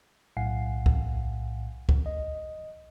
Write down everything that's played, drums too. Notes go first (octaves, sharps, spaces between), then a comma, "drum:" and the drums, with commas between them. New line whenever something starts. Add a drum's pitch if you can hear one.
B1 A2 F5 F#5 G#5 C7
drum: kick
drum: kick
D#5